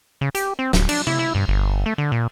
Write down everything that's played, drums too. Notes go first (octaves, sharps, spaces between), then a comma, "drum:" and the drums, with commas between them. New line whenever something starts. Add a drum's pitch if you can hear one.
C#3
G4, drum: hi-hat
C4
D1, drum: snare
D4, drum: cymbal
E4, drum: tom C3
E4
G2
G1
A3
D3
A#2